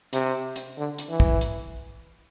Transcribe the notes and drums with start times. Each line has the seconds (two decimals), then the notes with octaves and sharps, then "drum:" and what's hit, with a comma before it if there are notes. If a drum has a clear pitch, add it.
0.13 C3, drum: hi-hat
0.56 drum: hi-hat
0.78 D3
0.98 drum: hi-hat
1.09 E3
1.20 drum: kick
1.41 drum: hi-hat